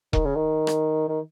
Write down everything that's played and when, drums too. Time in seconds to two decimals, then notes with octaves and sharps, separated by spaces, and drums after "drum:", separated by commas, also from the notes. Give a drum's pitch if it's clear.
0.13 D#3, drum: kick E1
0.25 C#3
0.36 D#3
0.67 drum: rim click
1.09 D#3